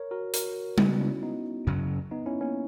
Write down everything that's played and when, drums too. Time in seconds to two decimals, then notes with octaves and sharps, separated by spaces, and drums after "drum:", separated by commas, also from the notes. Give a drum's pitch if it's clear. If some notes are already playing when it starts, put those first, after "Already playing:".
Already playing: A#4 C#5
0.11 F#4 A#4
0.34 F#4 A#4, drum: hi-hat
0.78 C#3 G#3 B3 D#4 F#4, drum: tom G3
1.00 C#4 E4
1.22 B3 D#4
1.67 F#2 C#3 F#3
2.11 B3 D#4
2.26 C#4 E4
2.41 A#3 C#4